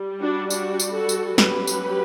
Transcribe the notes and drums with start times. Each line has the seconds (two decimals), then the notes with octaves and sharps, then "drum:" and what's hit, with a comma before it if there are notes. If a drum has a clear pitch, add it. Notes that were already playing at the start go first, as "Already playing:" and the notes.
Already playing: G3
0.21 D4 F#4
0.50 D4 F#4, drum: tambourine
0.80 drum: tambourine
0.94 F#4 A4
1.09 drum: tambourine
1.38 F#3 C#4 G4 B4, drum: snare
1.67 drum: tambourine